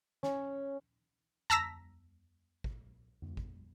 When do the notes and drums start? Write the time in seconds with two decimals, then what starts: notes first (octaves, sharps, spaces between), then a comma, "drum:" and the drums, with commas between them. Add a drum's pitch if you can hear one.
0.23 C#4, drum: snare
1.50 A5 A#5 E6 A#6 B6, drum: tom F2
2.64 drum: kick G#1
3.22 drum: tom F2
3.37 drum: kick G#1